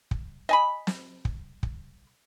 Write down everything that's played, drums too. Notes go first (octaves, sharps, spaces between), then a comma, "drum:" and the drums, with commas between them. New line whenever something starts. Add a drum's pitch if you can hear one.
drum: kick
D#5 G#5 B5
drum: snare
drum: kick
drum: kick